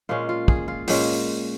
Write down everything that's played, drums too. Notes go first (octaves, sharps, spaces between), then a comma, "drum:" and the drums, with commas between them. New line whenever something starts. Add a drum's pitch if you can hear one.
A#2 G#3 C#4 F4
F4
G#4, drum: kick
F4
A#2 G#3 C#4, drum: open hi-hat